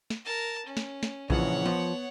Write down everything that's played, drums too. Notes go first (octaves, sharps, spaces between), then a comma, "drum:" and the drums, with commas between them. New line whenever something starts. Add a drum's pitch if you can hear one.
drum: snare
A#4 A5
C#4
drum: snare
drum: snare
A#1 C#3 E3 F3 C#5 F#5, drum: kick A#1
F3 B3